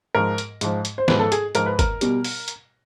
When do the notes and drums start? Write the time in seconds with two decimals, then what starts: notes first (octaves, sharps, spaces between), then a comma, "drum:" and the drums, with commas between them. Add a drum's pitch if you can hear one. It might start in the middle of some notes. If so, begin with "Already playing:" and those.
0.15 G#2 F3 A#4
0.38 drum: hi-hat
0.61 G#2 F3, drum: hi-hat
0.85 drum: hi-hat
0.98 C5
1.08 G#2 F3 B4, drum: snare
1.19 A4
1.32 G#4, drum: hi-hat
1.55 G#2 F3 A#4, drum: hi-hat
1.66 B4
1.79 A#4, drum: kick G1, hi-hat
2.01 B2 G3, drum: hi-hat
2.24 drum: open hi-hat
2.48 drum: hi-hat